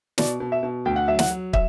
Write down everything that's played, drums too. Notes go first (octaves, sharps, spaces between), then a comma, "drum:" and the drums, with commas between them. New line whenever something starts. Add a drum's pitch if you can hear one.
B2 D5, drum: snare
B2
E5
B2
D2 G5
F#5
F#3 E5
F#5, drum: snare
F#3
E5, drum: kick